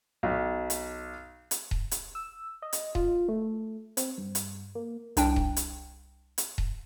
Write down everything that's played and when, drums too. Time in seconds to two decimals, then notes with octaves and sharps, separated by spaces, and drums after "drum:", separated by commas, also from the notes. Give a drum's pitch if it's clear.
0.23 B1
0.70 drum: hi-hat
1.51 drum: hi-hat
1.71 drum: kick D#1
1.91 drum: hi-hat
2.15 E6
2.62 D#5
2.73 drum: hi-hat
2.95 F4, drum: kick D#1
3.29 A3
3.97 C4, drum: hi-hat
4.18 G2
4.35 drum: hi-hat
4.75 A#3
5.17 C2 D4 G5, drum: hi-hat
5.36 drum: kick D#1
5.56 drum: hi-hat
6.38 drum: hi-hat
6.58 drum: kick D#1